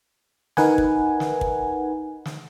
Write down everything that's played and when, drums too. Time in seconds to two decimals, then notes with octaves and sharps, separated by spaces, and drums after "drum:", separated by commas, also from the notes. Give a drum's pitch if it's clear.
0.57 D#4 A#4 B4 F#5 G#5, drum: snare
0.78 drum: kick
1.20 drum: snare
1.41 drum: kick
2.25 drum: snare